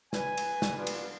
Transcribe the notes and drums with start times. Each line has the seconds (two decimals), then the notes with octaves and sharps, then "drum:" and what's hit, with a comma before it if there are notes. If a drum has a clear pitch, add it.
0.13 B4 G#5, drum: snare
0.37 drum: cymbal
0.62 drum: snare
0.77 G3 B3 D4 F4
0.87 drum: cymbal